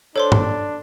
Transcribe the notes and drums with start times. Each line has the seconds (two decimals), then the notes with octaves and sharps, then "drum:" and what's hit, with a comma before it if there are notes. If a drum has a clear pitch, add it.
0.16 D4 A4 C5 C#5 C6
0.32 drum: tom G2